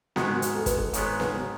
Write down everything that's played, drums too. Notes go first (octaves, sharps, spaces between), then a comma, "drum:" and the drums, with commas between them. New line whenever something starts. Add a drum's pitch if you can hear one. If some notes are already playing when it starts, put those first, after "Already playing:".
G#2 D#3 G#3 B3 F#4, drum: snare B3
drum: hi-hat
A4
B4, drum: kick, hi-hat
A4
G#2 D#3 G#3 B3 C#5, drum: hi-hat
B4, drum: snare B3